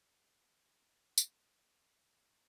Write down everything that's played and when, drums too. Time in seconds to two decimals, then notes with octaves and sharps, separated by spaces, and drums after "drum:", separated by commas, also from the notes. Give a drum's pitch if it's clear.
0.18 G4 F#5
0.52 E4 D5 F5 C6
0.91 F#4
1.18 G4 A#5 C6, drum: tambourine
1.48 D#2 C4